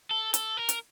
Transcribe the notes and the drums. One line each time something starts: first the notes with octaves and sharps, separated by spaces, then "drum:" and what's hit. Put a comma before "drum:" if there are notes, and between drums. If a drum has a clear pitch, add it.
A4
A4, drum: hi-hat
A#4
drum: hi-hat